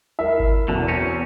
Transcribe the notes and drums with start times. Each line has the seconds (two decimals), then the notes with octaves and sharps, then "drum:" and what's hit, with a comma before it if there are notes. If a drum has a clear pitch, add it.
0.19 E4 A#4 E5
0.40 drum: kick G#1
0.68 E2 B2 D3
0.88 C4 C#4